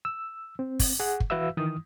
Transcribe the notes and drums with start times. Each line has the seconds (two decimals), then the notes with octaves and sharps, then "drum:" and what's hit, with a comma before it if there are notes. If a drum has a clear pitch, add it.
0.05 E6
0.59 C4
0.79 drum: kick, open hi-hat
1.00 G#4 F#5
1.20 drum: kick
1.30 E3 F#4 B4 E5 F5 E6
1.57 D#3 E3 D#6